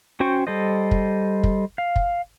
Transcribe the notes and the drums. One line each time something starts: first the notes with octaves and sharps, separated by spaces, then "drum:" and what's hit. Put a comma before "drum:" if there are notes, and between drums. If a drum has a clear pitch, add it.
C#4 F#4 C5 G5 C#6
G3 A4 C5 D#5
drum: kick
drum: kick
F5
drum: kick